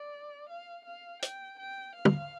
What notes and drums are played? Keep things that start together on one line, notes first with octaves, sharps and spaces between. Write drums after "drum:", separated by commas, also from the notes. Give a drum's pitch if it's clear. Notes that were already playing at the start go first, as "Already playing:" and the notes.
Already playing: D5
F5
F5
G5, drum: hi-hat
G5
F5
drum: tom